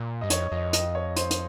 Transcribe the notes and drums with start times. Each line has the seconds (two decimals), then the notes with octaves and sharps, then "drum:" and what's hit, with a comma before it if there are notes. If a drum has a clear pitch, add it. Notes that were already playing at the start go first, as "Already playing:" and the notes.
Already playing: A#2
0.21 G2 D#5
0.30 F2 C#5, drum: hi-hat
0.52 F2 D#5
0.73 D#5, drum: hi-hat
0.95 C#5
1.16 C5, drum: hi-hat
1.31 drum: hi-hat